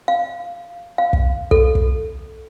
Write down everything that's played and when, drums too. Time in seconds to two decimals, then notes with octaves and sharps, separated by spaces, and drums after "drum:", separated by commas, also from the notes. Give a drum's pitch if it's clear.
0.08 F5
0.98 F5
1.13 drum: kick
1.51 A4, drum: kick
1.75 drum: kick